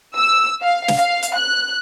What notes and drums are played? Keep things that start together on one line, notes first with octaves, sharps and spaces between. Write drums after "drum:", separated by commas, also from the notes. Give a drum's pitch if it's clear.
E6
F5
drum: snare
F5
drum: hi-hat
F#6